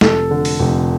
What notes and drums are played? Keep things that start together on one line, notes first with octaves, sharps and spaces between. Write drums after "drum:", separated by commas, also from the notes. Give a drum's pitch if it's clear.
F1 A4, drum: snare
D3
drum: open hi-hat
F1